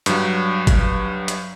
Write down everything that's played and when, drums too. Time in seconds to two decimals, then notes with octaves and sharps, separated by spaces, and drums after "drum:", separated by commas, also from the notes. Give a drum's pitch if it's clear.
0.06 G2 F#3, drum: hi-hat
0.67 drum: kick, hi-hat
1.28 drum: hi-hat